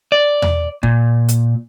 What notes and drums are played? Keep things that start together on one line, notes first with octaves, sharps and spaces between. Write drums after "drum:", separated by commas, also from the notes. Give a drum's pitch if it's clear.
D5
drum: tom E2
A#2, drum: kick
drum: hi-hat